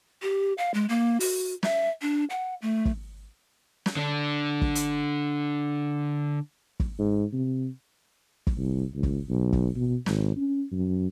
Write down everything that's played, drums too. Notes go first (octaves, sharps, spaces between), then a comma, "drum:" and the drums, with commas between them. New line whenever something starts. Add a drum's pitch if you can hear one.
G4
F5
G#3
A#3
F#4, drum: open hi-hat
E5, drum: snare
D4
F#5
A3
drum: kick
drum: snare
D3 D4
drum: kick
drum: hi-hat
drum: kick
G#2
C3
drum: kick
C2
C#2
drum: kick
B1
drum: kick
B2
G#1, drum: snare
C#4
F#2